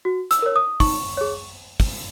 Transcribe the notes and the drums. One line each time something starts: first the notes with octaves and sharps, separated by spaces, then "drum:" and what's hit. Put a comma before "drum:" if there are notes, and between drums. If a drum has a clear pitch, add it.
F#4
E6, drum: hi-hat
A#4 C#5
D#6
D#4 C#6, drum: kick, open hi-hat
G#4 C#5
drum: kick, open hi-hat